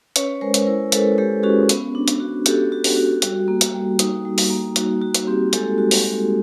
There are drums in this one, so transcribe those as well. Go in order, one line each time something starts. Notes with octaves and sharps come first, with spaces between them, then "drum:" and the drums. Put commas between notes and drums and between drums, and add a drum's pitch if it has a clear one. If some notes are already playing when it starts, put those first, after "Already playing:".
C#4 B4 C#5, drum: hi-hat
G#3 A#4 C5
drum: hi-hat
E4 A#4 C5
G#3 A4 B4, drum: hi-hat
G#3 G4 A4
C#4 F#4 G#4
B3, drum: hi-hat
D4
drum: hi-hat
F#4
F#4 G4 A4, drum: hi-hat
F#4
drum: open hi-hat
F#4
G3 F#4, drum: hi-hat
A#3
drum: hi-hat
G3
D#4, drum: hi-hat
G3
drum: open hi-hat
A#3
D#4 F#4, drum: hi-hat
D#4 F#4
drum: hi-hat
C4 G4
G#3 G4 A4, drum: hi-hat
F#4
drum: open hi-hat
G#3